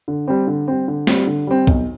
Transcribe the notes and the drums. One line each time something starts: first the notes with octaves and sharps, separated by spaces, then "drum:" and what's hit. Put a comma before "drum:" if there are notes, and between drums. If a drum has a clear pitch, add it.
D3
G3 C4
D3
G3 C4
D3
G3 C4, drum: snare
D3
G3 C4
B1, drum: kick B1